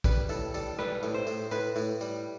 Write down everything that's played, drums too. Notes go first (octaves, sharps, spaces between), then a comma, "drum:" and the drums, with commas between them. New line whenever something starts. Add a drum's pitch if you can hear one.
G3 B4, drum: kick A#1, tambourine
A2 A4, drum: tambourine
G3 A4, drum: tambourine
G3 B4, drum: rim click
A2, drum: tambourine
C5
A2, drum: tambourine
A2 B4, drum: tambourine
A2, drum: tambourine
G3, drum: tambourine